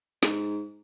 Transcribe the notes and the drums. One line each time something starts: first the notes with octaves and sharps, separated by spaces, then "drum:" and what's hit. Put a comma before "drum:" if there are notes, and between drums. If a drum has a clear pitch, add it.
G#2, drum: snare